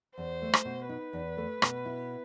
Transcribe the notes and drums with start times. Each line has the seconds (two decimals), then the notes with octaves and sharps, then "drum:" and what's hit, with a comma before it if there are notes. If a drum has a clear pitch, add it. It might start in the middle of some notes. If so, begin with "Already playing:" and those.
0.17 E2 C5
0.42 A3
0.53 drum: rim click
0.65 B2
0.89 D#4 B4
1.13 E2
1.37 A3
1.62 B2, drum: rim click
1.85 E4